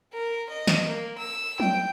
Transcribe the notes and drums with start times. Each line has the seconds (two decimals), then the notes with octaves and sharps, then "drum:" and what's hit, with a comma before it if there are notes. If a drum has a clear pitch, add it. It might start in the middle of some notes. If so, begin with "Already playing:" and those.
0.13 A#4
0.49 D#5
0.67 drum: snare
0.87 A#3
1.18 E6
1.60 G5, drum: tom F3